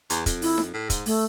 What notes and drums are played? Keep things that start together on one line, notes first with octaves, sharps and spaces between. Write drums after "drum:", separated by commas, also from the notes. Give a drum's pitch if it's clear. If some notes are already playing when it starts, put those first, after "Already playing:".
E2, drum: hi-hat
F2, drum: kick, hi-hat
E4, drum: open hi-hat
drum: snare D#4
A2
G#2, drum: kick, hi-hat
A3, drum: open hi-hat